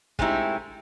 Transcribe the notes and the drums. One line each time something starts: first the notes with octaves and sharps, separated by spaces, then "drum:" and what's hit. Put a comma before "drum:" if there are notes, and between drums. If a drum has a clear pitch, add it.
G#3 A3 C4 D#4 E4 G4, drum: kick